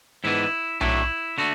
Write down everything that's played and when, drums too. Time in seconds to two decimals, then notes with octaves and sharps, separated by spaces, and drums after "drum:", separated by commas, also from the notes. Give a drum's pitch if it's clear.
0.24 G#2 E3 B3 D4 E4
0.81 A2 F#3 A3 D4 E4, drum: tom B1
1.38 D3 A3 F#4